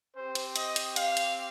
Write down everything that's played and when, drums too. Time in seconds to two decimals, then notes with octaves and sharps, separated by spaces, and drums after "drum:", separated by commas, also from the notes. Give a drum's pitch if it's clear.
0.15 C4 G4 C5
0.35 drum: hi-hat
0.56 D#5, drum: hi-hat
0.76 drum: hi-hat
0.96 F5, drum: hi-hat
1.17 drum: hi-hat